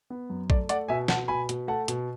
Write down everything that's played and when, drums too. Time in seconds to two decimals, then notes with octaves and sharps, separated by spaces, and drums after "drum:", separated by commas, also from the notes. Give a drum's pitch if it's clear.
0.10 B3
0.30 F#2
0.50 A3 D5, drum: kick A#1
0.69 A3 D5 F#5, drum: hi-hat
0.88 B2 E5 G#5
1.08 B2 F#5 A5, drum: snare
1.28 B2 G#5 B5
1.49 B2, drum: hi-hat
1.68 A3 F#5 A5
1.88 B2, drum: hi-hat